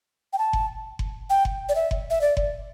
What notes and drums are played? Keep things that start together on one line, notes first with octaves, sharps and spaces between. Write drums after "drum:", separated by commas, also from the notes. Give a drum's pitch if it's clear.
G5
A5
drum: kick F#1
drum: kick F#1
G5
drum: kick F#1
D5
E5
drum: kick F#1
E5
D5
drum: kick F#1